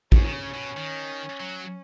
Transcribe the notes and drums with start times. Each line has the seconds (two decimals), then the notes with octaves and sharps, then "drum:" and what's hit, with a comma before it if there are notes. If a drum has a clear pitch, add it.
0.12 F#2 C#4, drum: kick
0.24 D#3
0.33 C#3
0.54 B2
0.77 D#3
1.40 F#3